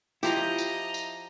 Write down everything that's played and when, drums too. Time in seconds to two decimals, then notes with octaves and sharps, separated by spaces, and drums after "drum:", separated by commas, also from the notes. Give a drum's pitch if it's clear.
0.23 F3 E4 G4 D#5 A#5, drum: tambourine
0.58 drum: tambourine
0.94 drum: tambourine